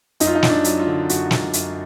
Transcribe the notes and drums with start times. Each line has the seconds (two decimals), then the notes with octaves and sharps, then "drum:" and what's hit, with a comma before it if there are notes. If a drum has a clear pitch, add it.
0.20 F#2 D#4, drum: hi-hat
0.27 F4
0.35 D#4
0.43 F#2, drum: snare
0.50 D4
0.64 F#3, drum: hi-hat
0.80 F4
0.87 D3
1.09 F#2 F#4, drum: hi-hat
1.31 F#2, drum: snare
1.53 F#2, drum: hi-hat